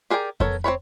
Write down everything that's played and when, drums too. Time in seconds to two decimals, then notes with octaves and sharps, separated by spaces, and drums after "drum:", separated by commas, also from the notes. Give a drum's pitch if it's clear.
0.10 G4 G#4 A#4 D5 G5
0.40 B3 A4 A#4 C#5, drum: kick F2
0.64 C4 G#4 C#5 B5